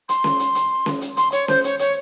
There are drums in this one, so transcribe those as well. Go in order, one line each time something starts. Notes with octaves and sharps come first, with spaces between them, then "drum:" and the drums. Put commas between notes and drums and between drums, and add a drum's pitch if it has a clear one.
C6, drum: hi-hat
drum: snare C#4
drum: hi-hat
drum: hi-hat
drum: snare C#4
drum: hi-hat
C6, drum: hi-hat
C#5, drum: hi-hat
C5, drum: snare C#4
C#5, drum: hi-hat
C#5, drum: hi-hat